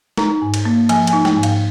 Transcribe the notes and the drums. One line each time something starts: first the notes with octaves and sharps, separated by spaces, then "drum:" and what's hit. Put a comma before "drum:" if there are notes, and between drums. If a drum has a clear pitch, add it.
D#4 A#5, drum: snare
G#2
drum: cymbal
A#3
F3 G#5, drum: cymbal
G#5, drum: cymbal
D#4
G5, drum: snare
G#2
F5, drum: cymbal